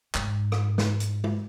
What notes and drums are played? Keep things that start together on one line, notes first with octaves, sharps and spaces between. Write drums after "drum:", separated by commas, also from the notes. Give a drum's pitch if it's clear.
G#2, drum: clap
drum: rim click
drum: snare
drum: hi-hat
drum: tom